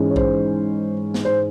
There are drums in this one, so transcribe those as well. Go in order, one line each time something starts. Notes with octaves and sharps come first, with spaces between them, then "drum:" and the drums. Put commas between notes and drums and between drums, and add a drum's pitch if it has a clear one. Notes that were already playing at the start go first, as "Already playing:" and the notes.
Already playing: G#2 E3 G#3 C#4
C#5
C5, drum: kick A#1
drum: snare
C5